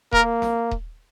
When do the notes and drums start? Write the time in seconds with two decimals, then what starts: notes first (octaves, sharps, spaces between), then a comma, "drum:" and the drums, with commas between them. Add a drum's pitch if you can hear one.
0.13 A#3 A#4, drum: kick D#1
0.42 drum: snare
0.71 drum: kick D#1